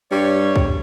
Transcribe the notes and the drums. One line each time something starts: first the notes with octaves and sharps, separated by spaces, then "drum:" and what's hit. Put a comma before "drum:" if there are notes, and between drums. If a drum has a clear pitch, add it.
G2 G3 C#5
drum: kick